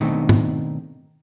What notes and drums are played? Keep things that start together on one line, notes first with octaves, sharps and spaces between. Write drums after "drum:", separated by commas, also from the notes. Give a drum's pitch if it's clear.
B2 D#3 A3 C4 D4 D#4
drum: tom G#2